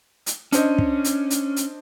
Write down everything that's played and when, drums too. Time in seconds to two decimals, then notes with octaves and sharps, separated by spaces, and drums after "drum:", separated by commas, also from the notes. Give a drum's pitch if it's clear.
0.26 drum: hi-hat
0.52 C#4 D4 C5 D#5, drum: hi-hat
0.78 drum: kick
1.04 drum: hi-hat
1.30 drum: hi-hat
1.56 drum: hi-hat